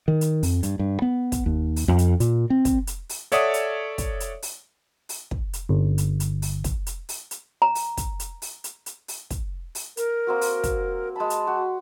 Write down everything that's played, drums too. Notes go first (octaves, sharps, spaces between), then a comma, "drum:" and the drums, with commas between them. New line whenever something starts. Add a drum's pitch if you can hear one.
D#3
drum: hi-hat
F2, drum: open hi-hat
G2, drum: hi-hat
G2
B3
drum: kick, hi-hat
D#2
drum: open hi-hat
F2
drum: hi-hat
A#2, drum: hi-hat
C4
drum: kick, hi-hat
drum: hi-hat
drum: open hi-hat
A4 C#5 D5 E5 F#5 D#6, drum: hi-hat
drum: hi-hat
drum: kick, hi-hat
drum: hi-hat
drum: open hi-hat
drum: open hi-hat
drum: kick
drum: hi-hat
G1
drum: hi-hat
drum: hi-hat
drum: open hi-hat
drum: kick, hi-hat
drum: hi-hat
drum: open hi-hat
drum: hi-hat
A#5
drum: open hi-hat
drum: kick, hi-hat
drum: hi-hat
drum: open hi-hat
drum: hi-hat
drum: hi-hat
drum: open hi-hat
drum: kick, hi-hat
drum: open hi-hat
A#4, drum: hi-hat
A#3 C4 F#4
drum: open hi-hat
drum: kick, hi-hat
G#3 A5 B5
drum: hi-hat
F#4